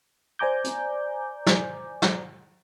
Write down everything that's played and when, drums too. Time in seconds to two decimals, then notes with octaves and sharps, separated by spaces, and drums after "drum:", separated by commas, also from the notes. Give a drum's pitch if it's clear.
0.39 C5 D5 G#5 A#5 D6 G6
0.64 drum: hi-hat
1.46 drum: snare
2.02 drum: snare